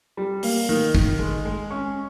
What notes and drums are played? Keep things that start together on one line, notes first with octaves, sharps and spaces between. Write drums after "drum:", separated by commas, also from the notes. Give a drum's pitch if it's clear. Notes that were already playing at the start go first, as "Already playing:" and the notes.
G3
A#3, drum: open hi-hat
D#3
D#3, drum: kick
G#3
G#3
C#4